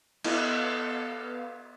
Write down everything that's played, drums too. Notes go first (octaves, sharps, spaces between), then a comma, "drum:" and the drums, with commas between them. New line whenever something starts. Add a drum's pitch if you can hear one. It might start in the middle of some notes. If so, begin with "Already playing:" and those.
B3 E4 A4 D#5 F5, drum: cymbal